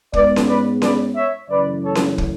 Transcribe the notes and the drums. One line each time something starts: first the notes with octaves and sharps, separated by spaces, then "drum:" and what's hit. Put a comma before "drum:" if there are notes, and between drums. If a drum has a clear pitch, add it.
G#2 G#3 B3 B4 D5, drum: kick
drum: snare C#4
B4 D5
B4 D5, drum: snare C#4
C#5 E5
F#2 C#3 E3 A3 B4 D5
A4 C#5
drum: snare C#4
drum: kick